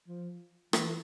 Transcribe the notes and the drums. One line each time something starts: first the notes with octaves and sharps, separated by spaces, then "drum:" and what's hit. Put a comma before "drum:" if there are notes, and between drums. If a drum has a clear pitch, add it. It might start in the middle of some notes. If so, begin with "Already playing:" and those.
F3
E3, drum: rim click